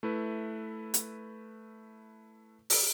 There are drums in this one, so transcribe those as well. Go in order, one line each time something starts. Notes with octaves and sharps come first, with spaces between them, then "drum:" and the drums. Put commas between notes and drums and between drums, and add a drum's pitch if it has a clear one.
A3 E4 B4
drum: hi-hat
drum: open hi-hat